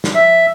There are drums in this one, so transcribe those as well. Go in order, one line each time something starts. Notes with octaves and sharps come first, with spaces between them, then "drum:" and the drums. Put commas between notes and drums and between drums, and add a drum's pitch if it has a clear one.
drum: snare
E5